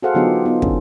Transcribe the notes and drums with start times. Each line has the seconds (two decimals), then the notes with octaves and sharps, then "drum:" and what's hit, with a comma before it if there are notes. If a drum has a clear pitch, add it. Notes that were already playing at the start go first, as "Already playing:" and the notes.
0.02 F#4 G#4 A4 C5 F5 F#5
0.15 D3 F#3 B3 D#4 F4 G4
0.45 B3 D#4 F4
0.62 D3 C#4, drum: kick